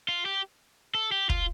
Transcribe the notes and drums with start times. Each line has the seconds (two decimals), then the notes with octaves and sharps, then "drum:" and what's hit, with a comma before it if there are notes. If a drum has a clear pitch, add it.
0.08 F4
0.25 G4
0.95 A4
1.12 G4
1.29 F4, drum: kick